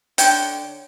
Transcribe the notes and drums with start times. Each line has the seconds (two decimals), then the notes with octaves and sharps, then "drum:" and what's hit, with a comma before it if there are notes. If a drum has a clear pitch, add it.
0.18 D3 C#5 F#5 G5, drum: hi-hat